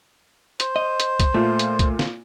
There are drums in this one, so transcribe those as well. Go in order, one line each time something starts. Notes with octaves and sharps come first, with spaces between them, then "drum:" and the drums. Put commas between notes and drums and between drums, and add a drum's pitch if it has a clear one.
C5, drum: hi-hat
D#5
drum: hi-hat
drum: kick, hi-hat
A#2 A3 F4
drum: hi-hat
drum: kick, hi-hat
drum: snare